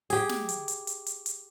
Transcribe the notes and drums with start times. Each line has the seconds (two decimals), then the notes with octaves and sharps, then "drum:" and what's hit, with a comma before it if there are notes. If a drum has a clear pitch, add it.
0.10 G4 G#4, drum: open hi-hat
0.29 drum: snare
0.49 drum: hi-hat
0.68 drum: hi-hat
0.87 drum: hi-hat
1.06 drum: hi-hat
1.26 drum: hi-hat